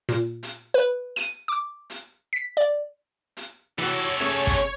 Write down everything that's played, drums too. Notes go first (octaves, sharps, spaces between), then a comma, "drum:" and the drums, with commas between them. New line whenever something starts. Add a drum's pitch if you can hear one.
A#2, drum: hi-hat
drum: hi-hat
B4
D#7, drum: hi-hat
D6
drum: hi-hat
B6
D5
drum: hi-hat
C3 E3 F#4 A4 C#5
A3 C#4 G#4
drum: kick, hi-hat